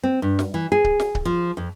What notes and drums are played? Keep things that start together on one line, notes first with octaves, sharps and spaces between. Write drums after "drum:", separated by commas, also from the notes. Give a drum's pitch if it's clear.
C4
G2
drum: snare
E3
G#4
drum: kick C#1
drum: snare
drum: kick C#1
F3
F2